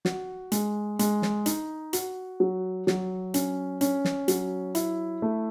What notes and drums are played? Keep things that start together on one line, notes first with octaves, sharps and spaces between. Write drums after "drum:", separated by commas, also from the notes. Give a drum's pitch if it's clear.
F#4, drum: snare
G#3, drum: hi-hat
G#3, drum: hi-hat
drum: snare
D#4, drum: hi-hat
F#4, drum: hi-hat
F#3
F#3, drum: snare
C#4, drum: hi-hat
C#4, drum: hi-hat
drum: snare
F#3, drum: hi-hat
E4, drum: hi-hat
A3